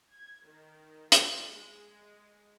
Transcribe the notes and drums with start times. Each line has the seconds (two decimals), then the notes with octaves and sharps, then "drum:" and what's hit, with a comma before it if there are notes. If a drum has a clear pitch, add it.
0.14 G#6
0.46 D#3
1.12 F4, drum: hi-hat
1.53 G#3